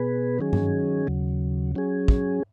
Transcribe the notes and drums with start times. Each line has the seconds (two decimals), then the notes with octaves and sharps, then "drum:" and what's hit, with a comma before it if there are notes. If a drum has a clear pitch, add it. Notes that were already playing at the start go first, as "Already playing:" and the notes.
Already playing: B2 B3 G#4 B4
0.39 D#3 F#3 C#4 G#4
0.53 drum: tom G2
1.07 D#2 C#3 F#3
1.75 F#3 C#4 G#4
2.08 drum: kick